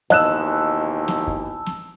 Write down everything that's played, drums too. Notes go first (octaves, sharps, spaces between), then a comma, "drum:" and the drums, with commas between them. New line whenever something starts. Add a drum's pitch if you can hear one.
D#2 B2 E3 D#5 A5 E6 F#6 E7, drum: snare
drum: snare
drum: kick
drum: snare